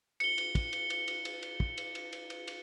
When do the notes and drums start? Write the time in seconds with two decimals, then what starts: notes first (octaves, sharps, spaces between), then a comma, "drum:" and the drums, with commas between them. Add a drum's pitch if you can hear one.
0.20 C#7 G7, drum: cymbal
0.38 drum: cymbal
0.55 drum: kick, cymbal
0.73 drum: cymbal
0.90 drum: cymbal
1.08 drum: cymbal
1.25 drum: cymbal
1.43 drum: cymbal
1.60 drum: kick
1.78 drum: cymbal
1.95 drum: cymbal
2.13 drum: cymbal
2.30 drum: cymbal
2.47 drum: cymbal